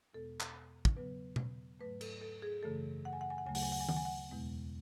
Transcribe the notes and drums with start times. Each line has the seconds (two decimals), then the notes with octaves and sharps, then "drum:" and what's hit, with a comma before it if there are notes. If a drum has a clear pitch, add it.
0.13 E2 B2 G#3 B3 A4
0.40 drum: clap
0.85 drum: kick
0.97 E2 C#3 F#3 B3 B4
1.36 drum: tom B2
1.80 G#2 F#3 A3 B4
2.01 A4, drum: cymbal
2.21 A4
2.42 G#4
2.63 F#2 C#3 E3 A3 A4
3.05 F#5
3.13 G#5
3.21 F#5
3.30 G#5
3.38 F#5
3.46 D2 C#3 F#3 A3 G#5
3.55 F#5, drum: open hi-hat
3.63 G#5
3.72 F#5
3.80 G#5
3.89 F#5, drum: tom D#3
3.96 G#5
4.05 F#5
4.29 E2 B2 G#3 B3